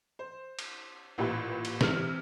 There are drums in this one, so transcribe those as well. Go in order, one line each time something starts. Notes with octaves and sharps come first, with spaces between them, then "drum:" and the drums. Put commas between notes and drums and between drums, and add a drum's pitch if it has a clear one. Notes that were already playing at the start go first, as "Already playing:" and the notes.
C5
drum: cymbal
A1 A#2 E4 G4 B4
drum: cymbal
C3 E3 F6, drum: snare